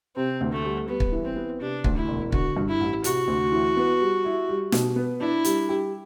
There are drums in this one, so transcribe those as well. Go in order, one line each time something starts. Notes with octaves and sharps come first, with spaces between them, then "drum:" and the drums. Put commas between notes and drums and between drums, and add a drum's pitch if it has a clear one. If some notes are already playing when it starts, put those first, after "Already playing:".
C3 C4
D2
A3
G3
G3 B3
drum: kick
E3
C4
B3
C3 D4
D2, drum: kick
E4
E1
D3 F#4, drum: kick
G2
E4
A1
C3 F#4, drum: hi-hat
D2
E3
B3
G3
E4
G3
B2, drum: snare
B3
D4 E4
G3, drum: hi-hat
G4